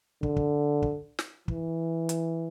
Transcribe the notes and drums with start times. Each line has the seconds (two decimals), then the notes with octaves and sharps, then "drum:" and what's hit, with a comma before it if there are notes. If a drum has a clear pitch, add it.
0.23 D3, drum: kick
0.36 drum: kick
0.82 drum: kick
1.19 drum: snare
1.48 E3, drum: kick
2.09 drum: hi-hat